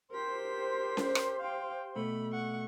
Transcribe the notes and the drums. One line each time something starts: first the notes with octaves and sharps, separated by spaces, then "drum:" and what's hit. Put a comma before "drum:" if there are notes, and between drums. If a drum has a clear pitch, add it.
G4 A#4 C5 C6 B6
drum: snare
drum: rim click
F5 G5
B2 A3 B5
F#5 C#6